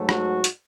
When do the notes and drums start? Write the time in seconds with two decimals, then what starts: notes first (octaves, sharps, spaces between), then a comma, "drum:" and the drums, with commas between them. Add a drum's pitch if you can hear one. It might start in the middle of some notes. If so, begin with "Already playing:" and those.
Already playing: G#2 F#3 A3
0.09 F#4, drum: rim click
0.44 drum: hi-hat